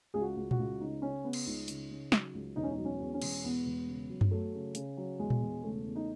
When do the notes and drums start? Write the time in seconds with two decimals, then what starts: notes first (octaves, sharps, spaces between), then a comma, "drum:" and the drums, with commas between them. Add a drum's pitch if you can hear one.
0.14 C#2 G#4
0.21 F#4
0.36 C#2
0.51 F#4, drum: tom A#2
0.59 C#2
0.81 C#3 D#4
1.02 C#3 C#4
1.24 C#3 B3
1.33 drum: cymbal
1.46 C#2 D#4
1.68 C#3, drum: hi-hat
1.90 C#3
2.12 F#3, drum: snare
2.34 C#2
2.56 E1 D#4
2.63 C#4
2.71 D#4
2.78 F#3
2.85 C#4
3.00 E2
3.14 C#4
3.22 E1, drum: cymbal
3.44 E2 B3
3.65 E1
3.87 C#3
4.09 F#3
4.21 drum: tom F#2
4.31 F#3 A3
4.54 C#3
4.75 C#3, drum: hi-hat
4.97 F#3
5.19 E2 G#3
5.30 drum: tom A#2
5.41 E1
5.63 C#3 A3
5.85 E2
5.96 D#4